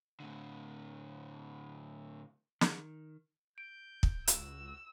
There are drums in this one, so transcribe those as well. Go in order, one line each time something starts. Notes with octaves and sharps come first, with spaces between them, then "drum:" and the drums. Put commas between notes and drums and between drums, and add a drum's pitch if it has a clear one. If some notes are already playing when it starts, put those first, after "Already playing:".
A2 D3
D#3, drum: snare
G6 D7
drum: kick
C#2 F#4 E6, drum: hi-hat